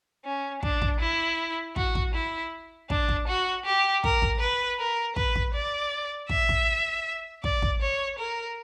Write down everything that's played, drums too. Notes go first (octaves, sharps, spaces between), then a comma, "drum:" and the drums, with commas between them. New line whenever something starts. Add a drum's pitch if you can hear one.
C#4
D4, drum: kick
drum: kick
E4
F#4, drum: kick
drum: kick
E4
D4, drum: kick
drum: kick
F#4
G4
A#4, drum: kick
drum: kick
B4
A#4
B4, drum: kick
drum: kick
D5
E5, drum: kick
drum: kick
D5, drum: kick
drum: kick
C#5
A#4